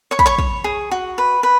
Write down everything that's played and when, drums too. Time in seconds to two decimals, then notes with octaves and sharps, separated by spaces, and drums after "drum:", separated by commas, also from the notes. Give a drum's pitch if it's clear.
0.11 C#5 C#6
0.19 B5, drum: kick
0.26 C#5 C#6
0.38 C#5, drum: kick
0.64 G#4
0.91 F#4
1.18 B4
1.43 B4